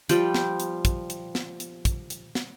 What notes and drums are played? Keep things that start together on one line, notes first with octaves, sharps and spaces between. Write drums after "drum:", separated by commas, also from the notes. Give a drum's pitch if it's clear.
F3 G3 G5, drum: hi-hat
drum: snare
drum: hi-hat
drum: kick, hi-hat
drum: hi-hat
drum: snare
drum: hi-hat
drum: kick, hi-hat
drum: hi-hat
drum: snare